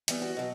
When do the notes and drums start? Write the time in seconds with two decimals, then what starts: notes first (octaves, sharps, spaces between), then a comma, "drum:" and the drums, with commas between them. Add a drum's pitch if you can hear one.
0.08 E3 G3 B3, drum: hi-hat
0.22 F#4
0.37 B2 F#3